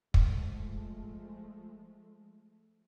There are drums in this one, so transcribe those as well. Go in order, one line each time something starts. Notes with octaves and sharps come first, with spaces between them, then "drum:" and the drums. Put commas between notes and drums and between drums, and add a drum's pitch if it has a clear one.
F3 G#3 A3, drum: kick